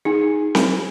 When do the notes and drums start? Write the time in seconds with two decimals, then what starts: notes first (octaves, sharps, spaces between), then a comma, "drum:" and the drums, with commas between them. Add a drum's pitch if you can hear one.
0.05 D#4 G#4
0.55 drum: snare C4